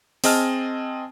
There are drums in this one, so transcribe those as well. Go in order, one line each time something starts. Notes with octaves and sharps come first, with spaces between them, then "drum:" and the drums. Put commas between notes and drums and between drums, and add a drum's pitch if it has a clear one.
C4 G#4 D#5 A5 F6, drum: open hi-hat